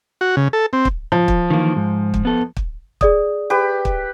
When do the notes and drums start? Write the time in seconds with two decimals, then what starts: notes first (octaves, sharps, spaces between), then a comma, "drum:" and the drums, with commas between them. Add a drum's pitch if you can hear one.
0.21 F#4
0.37 C#3
0.53 A4
0.73 C4
0.85 drum: kick
1.12 F3
1.28 drum: kick
1.50 D#3 E3 A#3
1.76 G#2
2.14 drum: kick
2.25 B3 A4
2.57 drum: kick
3.01 G#4 D5 D#6, drum: kick
3.50 G4 B4
3.85 drum: kick